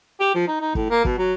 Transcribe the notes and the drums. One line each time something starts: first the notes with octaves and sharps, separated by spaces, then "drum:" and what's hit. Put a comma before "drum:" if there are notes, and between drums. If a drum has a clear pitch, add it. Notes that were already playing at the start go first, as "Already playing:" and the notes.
G4
F3
D#4
D#4
A2, drum: kick
A#3
B2, drum: kick
F#3